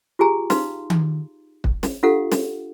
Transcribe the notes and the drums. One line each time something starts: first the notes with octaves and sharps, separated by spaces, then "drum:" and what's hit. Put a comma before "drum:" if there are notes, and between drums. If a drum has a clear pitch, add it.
F4 G4 G#4 G#5 A#5
D#4 B4 F5 C6, drum: snare
drum: tom D#3
drum: kick
drum: snare
D4 F4 G4 A4 F5 F#5
drum: snare